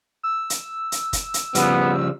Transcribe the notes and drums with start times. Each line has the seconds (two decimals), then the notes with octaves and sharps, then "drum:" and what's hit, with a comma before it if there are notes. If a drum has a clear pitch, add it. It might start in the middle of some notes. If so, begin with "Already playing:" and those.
0.23 E6
0.50 drum: hi-hat
0.92 drum: hi-hat
1.13 drum: kick, hi-hat
1.34 drum: hi-hat
1.55 C#3 F3 G3 B3, drum: hi-hat